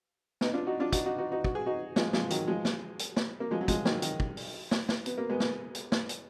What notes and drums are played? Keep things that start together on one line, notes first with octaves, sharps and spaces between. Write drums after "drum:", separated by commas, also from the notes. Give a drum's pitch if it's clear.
B3 D#4, drum: snare
D4 F4
D#4 F#4
D4 F4
D#4 F#4, drum: kick, hi-hat
D#4 F#4
D#4 F#4
D#4 F#4
F#4, drum: kick
G#4
D#4 F#4
F3 G#3, drum: snare
F3 G#3, drum: snare
D#3 F#3, drum: hi-hat
F3 G#3
drum: snare
drum: hi-hat
drum: snare
A#3
F3 G#3
F#3
F3 G#3, drum: kick, hi-hat
D#3 F#3, drum: snare
D#3, drum: hi-hat
drum: kick
drum: open hi-hat
drum: snare
drum: snare
B3, drum: hi-hat
A#3
G#3 B3
drum: snare
drum: hi-hat
drum: snare
drum: hi-hat